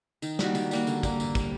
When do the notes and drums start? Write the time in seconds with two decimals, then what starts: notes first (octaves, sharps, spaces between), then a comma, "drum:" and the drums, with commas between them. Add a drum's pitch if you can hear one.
0.22 D#3, drum: tambourine
0.39 G3 A#3 F#4, drum: snare
0.55 D#3, drum: tambourine
0.71 G3 A#3 F#4, drum: tambourine
0.87 D3, drum: tambourine
1.03 G3 A#3, drum: kick, tambourine
1.20 D3, drum: tambourine
1.35 G3 A#3, drum: kick, tambourine